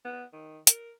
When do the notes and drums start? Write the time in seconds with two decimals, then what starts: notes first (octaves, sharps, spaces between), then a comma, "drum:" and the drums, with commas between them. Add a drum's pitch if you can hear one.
0.05 B3
0.33 D#3
0.67 A#4, drum: hi-hat